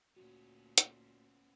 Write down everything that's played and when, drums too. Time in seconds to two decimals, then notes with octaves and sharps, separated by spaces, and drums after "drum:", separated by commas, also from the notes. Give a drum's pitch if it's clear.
0.16 D2 A#2 B3 C#4 F#4
0.78 drum: hi-hat